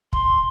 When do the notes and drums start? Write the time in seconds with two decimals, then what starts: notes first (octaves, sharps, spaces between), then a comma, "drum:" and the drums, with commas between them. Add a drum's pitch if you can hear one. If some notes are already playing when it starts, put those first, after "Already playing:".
0.13 C6, drum: kick